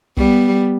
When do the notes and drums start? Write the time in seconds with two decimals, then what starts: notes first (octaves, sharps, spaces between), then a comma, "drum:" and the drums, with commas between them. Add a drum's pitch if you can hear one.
0.17 G3 B3, drum: kick B1